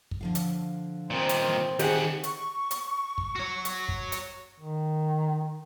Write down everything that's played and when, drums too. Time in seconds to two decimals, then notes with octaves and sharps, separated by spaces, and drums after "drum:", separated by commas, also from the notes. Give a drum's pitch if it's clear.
0.11 drum: kick
0.21 D3 F3 F5
0.35 drum: hi-hat
1.11 A#2 D#3 C4
1.29 drum: hi-hat
1.46 E3
1.79 D#3 G4 G#4 F#5, drum: hi-hat
2.23 C#6, drum: hi-hat
2.71 drum: hi-hat
3.18 drum: kick
3.36 F#4 C#5
3.65 drum: hi-hat
3.88 drum: kick
4.12 drum: hi-hat
4.60 D#3